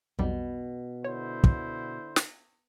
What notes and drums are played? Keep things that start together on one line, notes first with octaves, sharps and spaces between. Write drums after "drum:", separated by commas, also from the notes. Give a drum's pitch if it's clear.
B1 F2 B2 G3
D3 E4 C5 C#5
drum: kick
drum: snare